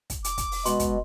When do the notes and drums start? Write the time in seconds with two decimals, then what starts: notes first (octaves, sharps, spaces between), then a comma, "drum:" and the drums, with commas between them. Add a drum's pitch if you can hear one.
0.10 drum: kick, hi-hat
0.24 D6, drum: hi-hat
0.38 drum: kick, hi-hat
0.52 drum: open hi-hat
0.66 B2 G#3 C6, drum: hi-hat
0.79 drum: kick, hi-hat